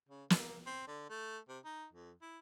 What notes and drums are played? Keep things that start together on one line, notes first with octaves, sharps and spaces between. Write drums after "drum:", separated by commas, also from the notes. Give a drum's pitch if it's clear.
C#3
A#3, drum: snare
C4
D3
A3
C3
D#4
F2
E4